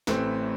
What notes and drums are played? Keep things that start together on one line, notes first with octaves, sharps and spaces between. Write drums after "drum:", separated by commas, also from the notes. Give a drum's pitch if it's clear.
A1 A2 E3 A3 C4, drum: snare